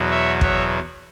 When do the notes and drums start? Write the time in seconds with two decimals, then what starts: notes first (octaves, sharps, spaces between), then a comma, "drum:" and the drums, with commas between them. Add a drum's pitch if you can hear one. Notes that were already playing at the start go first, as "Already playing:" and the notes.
Already playing: E2 B2 F#3
0.11 C#5 E5
0.41 C#5 E5, drum: kick